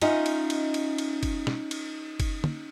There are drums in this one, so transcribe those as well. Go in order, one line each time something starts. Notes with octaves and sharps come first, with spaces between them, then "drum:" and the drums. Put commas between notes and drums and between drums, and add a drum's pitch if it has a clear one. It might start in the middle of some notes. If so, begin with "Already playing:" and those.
C#4 D#4 F4 D#5 E5 F#5, drum: cymbal
drum: cymbal
drum: cymbal
drum: cymbal
drum: cymbal
drum: kick F#1, cymbal
drum: snare
drum: cymbal
drum: kick F#1, cymbal
drum: tom